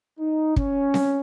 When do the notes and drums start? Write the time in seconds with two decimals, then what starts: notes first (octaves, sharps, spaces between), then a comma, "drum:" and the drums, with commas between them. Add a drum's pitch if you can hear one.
0.19 D#4
0.56 C#4, drum: kick
0.94 drum: snare C4